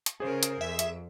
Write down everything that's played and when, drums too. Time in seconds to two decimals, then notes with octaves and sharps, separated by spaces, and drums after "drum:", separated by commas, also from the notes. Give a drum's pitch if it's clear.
0.06 drum: hi-hat
0.20 C#3 G#4 A#4 C5
0.43 drum: hi-hat
0.61 F2 E5
0.79 drum: hi-hat